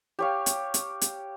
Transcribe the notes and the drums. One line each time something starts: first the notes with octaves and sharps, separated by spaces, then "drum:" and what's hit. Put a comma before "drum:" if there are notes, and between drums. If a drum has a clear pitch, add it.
G4 C#5 F5
drum: hi-hat
drum: hi-hat
drum: hi-hat